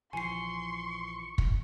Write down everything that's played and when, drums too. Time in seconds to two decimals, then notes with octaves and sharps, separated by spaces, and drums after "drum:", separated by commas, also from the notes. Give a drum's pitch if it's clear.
0.13 A#1 E3 F3 G#5 C6 C#6 C7
1.38 drum: kick